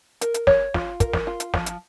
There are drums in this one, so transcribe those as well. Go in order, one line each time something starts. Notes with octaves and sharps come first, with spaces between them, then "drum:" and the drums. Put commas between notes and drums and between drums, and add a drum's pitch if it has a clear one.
A#4, drum: hi-hat
drum: hi-hat
C#5, drum: snare
F4, drum: snare
A#4, drum: kick, hi-hat
drum: snare
F4
drum: hi-hat
F3, drum: snare
drum: hi-hat